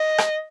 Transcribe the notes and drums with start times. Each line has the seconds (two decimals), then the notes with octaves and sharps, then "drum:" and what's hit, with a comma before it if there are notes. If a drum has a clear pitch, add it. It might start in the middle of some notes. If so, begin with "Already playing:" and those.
Already playing: D#5
0.18 drum: rim click